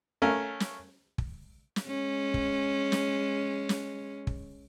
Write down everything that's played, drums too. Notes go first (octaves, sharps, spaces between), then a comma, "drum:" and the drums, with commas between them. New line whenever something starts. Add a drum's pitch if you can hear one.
A3 C#4 A#4 F5
drum: snare
drum: kick
drum: snare
G#3 C#4
drum: kick
drum: snare
drum: snare
drum: kick